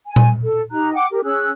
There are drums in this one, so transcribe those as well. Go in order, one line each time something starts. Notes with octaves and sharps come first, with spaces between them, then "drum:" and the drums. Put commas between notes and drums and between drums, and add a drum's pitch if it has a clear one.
G#5
drum: tom A#2
A4
D#4 G4 A#5 F#6
F#5 G5 D6
G4 A#4
C#4 G#4 E6 F#6